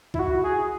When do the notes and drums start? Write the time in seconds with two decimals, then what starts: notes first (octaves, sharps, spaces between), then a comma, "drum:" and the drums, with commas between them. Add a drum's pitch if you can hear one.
0.14 E4, drum: kick B1
0.19 F#4
0.44 G#4